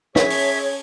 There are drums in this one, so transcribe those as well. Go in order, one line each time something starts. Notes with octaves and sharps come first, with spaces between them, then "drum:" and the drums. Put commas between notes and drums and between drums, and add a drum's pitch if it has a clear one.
C#4 G#4 C#5 E5, drum: snare
drum: open hi-hat